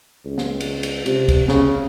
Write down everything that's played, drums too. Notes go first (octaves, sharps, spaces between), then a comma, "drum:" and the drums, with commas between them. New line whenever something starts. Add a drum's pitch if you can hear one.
C#2
drum: snare
drum: cymbal
drum: cymbal
C3, drum: cymbal
drum: kick, cymbal
C#3, drum: snare